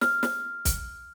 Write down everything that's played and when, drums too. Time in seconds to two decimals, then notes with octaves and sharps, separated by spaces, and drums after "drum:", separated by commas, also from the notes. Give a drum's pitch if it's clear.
0.01 F6, drum: snare
0.23 drum: snare
0.65 drum: kick, hi-hat